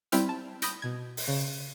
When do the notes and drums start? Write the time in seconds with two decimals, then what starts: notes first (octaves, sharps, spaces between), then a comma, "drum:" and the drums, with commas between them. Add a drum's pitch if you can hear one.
0.12 G3 C4 E4 C5 G5 F6, drum: hi-hat
0.29 A5
0.62 B5 D#6 G6 A#6 D7, drum: hi-hat
0.82 B2 G#6
1.17 drum: open hi-hat
1.27 C#3